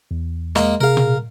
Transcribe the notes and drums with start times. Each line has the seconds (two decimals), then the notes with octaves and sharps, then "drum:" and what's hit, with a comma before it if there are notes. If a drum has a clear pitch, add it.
0.11 E2
0.56 G#3 A#3, drum: snare
0.81 C3 G#4 A#4 F5
0.97 drum: tom A#2